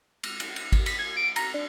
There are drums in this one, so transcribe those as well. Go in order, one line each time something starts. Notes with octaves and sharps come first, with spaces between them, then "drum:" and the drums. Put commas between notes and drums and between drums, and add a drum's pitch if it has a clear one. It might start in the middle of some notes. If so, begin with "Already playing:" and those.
drum: cymbal
drum: cymbal
drum: cymbal
drum: kick G#1, cymbal
B6, drum: cymbal
G#6
D7
A#5, drum: cymbal
D4